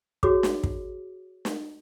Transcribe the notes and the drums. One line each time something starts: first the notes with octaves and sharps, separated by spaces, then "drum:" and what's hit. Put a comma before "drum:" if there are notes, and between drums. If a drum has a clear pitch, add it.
F#4 G#4 C#5 D6, drum: kick
drum: snare
drum: kick
drum: snare